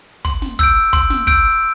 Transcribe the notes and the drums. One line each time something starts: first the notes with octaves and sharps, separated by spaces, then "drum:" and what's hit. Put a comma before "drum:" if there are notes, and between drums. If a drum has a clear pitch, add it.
C6, drum: kick
drum: snare
E6 G6 D7, drum: kick
C6, drum: kick
drum: snare
E6 G6 D7, drum: kick